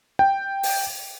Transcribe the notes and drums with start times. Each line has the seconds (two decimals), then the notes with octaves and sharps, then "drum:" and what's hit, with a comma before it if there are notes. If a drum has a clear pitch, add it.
0.19 G5
0.63 drum: open hi-hat